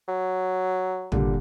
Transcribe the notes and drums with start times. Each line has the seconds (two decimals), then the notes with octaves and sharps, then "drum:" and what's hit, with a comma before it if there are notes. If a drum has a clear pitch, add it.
0.08 F#3
1.12 A#2 D3 G3, drum: tom